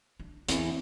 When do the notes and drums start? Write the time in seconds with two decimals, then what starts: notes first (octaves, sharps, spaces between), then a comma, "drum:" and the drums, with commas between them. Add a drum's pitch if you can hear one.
0.20 D4
0.49 E2 E3 C4, drum: hi-hat